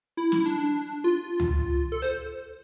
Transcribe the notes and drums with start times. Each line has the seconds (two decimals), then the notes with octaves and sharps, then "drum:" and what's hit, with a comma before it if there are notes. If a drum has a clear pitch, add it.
0.17 E4
0.32 E4, drum: snare
0.46 D4
1.04 F4
1.40 drum: tom C#2
1.92 A4
2.02 C5, drum: hi-hat